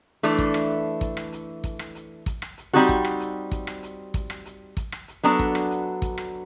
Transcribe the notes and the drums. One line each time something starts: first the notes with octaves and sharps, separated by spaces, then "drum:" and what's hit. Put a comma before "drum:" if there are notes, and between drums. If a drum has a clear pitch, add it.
E3 A3 D4
drum: kick, hi-hat
drum: rim click
drum: kick, hi-hat
drum: rim click
drum: hi-hat
drum: kick, hi-hat
drum: rim click
drum: hi-hat
drum: kick, hi-hat
drum: rim click
drum: hi-hat
G3 C4 D#4 F#4 A4
drum: kick, hi-hat
drum: rim click
drum: hi-hat
drum: kick, hi-hat
drum: rim click
drum: hi-hat
drum: kick, hi-hat
drum: rim click
drum: hi-hat
drum: kick, hi-hat
drum: rim click
drum: hi-hat
F#3 B3 D4 F#4 A4
drum: kick, hi-hat
drum: rim click
drum: hi-hat
drum: kick, hi-hat
drum: rim click